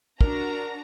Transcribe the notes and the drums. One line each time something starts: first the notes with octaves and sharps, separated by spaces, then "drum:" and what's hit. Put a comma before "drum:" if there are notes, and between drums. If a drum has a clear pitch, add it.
D4 F#4 A#4 A#5, drum: kick